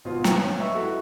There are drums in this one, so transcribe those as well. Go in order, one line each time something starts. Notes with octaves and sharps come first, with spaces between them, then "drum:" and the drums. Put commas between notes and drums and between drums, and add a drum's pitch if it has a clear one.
G#1 B2 F4 C5
C#5, drum: snare
B4 D#5 E5 C#6 E6
E4 F#4 A4